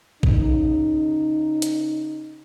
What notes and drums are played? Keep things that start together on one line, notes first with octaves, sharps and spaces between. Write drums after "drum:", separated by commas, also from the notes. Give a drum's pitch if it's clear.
C#3 D#4, drum: kick A#1
drum: hi-hat